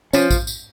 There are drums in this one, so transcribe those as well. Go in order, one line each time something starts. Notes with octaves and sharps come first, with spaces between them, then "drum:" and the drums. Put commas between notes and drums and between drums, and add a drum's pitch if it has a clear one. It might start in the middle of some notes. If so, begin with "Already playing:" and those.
F3 C#4, drum: tambourine
drum: kick A1, tambourine
drum: tambourine